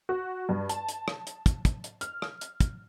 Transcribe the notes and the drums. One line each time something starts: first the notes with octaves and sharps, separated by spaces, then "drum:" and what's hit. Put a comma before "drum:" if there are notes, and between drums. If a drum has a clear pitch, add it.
F#4
G2
A5, drum: hi-hat
drum: hi-hat
drum: rim click
drum: hi-hat
drum: kick, hi-hat
drum: kick, hi-hat
drum: hi-hat
F6, drum: hi-hat
drum: rim click
drum: hi-hat
drum: kick, hi-hat